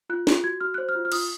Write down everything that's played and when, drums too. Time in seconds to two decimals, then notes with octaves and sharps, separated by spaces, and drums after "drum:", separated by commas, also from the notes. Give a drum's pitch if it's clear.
0.10 F4 F#6
0.27 F4, drum: snare
0.44 F#4 G#6
0.61 F#4 F6
0.74 C5 F#6
0.89 F6
0.95 F4
1.05 F6
1.12 F4 D#6, drum: cymbal